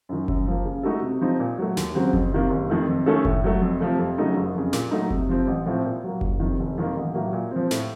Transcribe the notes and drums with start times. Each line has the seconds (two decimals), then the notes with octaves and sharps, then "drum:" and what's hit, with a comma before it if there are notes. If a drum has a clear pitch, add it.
0.09 F#2 D#3
0.28 F#2, drum: kick F#1
0.47 F3 A#3
0.65 C#3
0.83 A3 D#4 F#4 A4
1.02 C3
1.21 F3 C4 D#4
1.40 A#2
1.59 F#3 A3
1.77 D#2, drum: snare
1.95 C#3 F#3 C4
2.13 F2, drum: kick F#1
2.32 C3 D#3 A#3
2.51 F#1
2.70 F2 D#3 A3
2.88 F2
3.06 D#3 A3 C#4 A4
3.25 A2, drum: kick F#1
3.44 F#3 A3
3.62 F2
3.80 C3 F3 A3
3.99 F2
4.18 C#3 F#3 A3 D#4
4.37 F#1
4.55 F2 C#3
4.73 A#2, drum: snare
4.91 F#3 A3 D#4
5.10 C3, drum: kick F#1
5.29 F3 C4
5.47 A1
5.66 A2 F3 C4
5.85 A#2
6.04 F#3 A#3
6.21 F#1, drum: kick F#1
6.40 F2 C3 D#3
6.59 F1
6.78 F2 D#3 A#3
6.97 A1
7.14 A2 F#3 A#3
7.33 A#2
7.51 F3 C4
7.71 A2, drum: snare